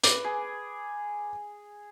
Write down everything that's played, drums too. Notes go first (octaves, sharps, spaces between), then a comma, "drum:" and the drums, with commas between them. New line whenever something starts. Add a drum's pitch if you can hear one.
B4 D6, drum: hi-hat
G#4